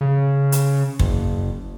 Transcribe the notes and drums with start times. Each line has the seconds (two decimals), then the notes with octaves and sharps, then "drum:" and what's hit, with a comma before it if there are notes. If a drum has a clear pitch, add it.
0.01 C#3
0.52 drum: hi-hat
0.99 F#1, drum: kick